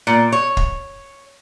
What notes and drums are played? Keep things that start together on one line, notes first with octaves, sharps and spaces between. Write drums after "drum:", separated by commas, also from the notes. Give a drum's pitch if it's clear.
A#2
C#5
drum: kick